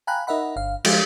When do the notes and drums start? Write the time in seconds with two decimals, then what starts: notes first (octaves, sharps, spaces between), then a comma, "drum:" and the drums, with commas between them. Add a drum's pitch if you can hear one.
0.07 F5 G5 G#5 A#5 B5 F#6
0.27 D#4 A#4 D#5 E5 F#5 B5
0.56 G1 F5
0.85 F3 G#3 G4 F5, drum: cymbal